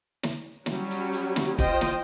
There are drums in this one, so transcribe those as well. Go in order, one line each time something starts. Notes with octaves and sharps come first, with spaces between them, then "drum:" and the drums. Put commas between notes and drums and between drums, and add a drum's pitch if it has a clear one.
drum: snare
F#3 G3 C#4, drum: snare
drum: hi-hat
drum: hi-hat
drum: snare
F4 C5 D#5 G5, drum: kick, hi-hat
drum: snare